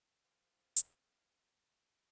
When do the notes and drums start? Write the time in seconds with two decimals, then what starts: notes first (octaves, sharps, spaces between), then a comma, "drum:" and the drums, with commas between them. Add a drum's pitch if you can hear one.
0.24 G#2 F3 A#3 C4 F4 F5
0.77 drum: hi-hat